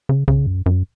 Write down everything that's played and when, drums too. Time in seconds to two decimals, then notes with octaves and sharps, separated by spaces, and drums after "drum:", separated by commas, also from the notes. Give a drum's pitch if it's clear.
0.09 C#3
0.28 C#3, drum: kick C2
0.47 F#2
0.66 F#2